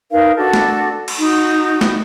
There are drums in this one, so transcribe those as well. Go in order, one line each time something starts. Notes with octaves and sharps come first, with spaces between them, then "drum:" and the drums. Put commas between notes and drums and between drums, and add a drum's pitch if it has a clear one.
D#4 A#4 B4 F5
D4 F#4 A4
drum: snare
drum: cymbal
D#4 F#4
drum: snare